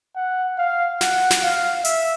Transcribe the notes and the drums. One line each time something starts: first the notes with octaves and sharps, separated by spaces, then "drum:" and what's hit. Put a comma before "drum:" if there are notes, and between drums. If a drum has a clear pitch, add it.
F#5
F5
F#5, drum: snare
drum: snare
F5
E5, drum: hi-hat